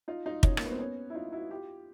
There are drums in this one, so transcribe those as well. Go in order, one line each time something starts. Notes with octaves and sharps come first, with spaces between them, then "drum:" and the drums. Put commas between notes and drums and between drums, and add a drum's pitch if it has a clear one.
D#4 F4
D#4 F4
C#4 D#4, drum: kick
A#3, drum: rim click
B3
C4
B3 C#4
E4
D#4 F4
E4 F#4
F4 G4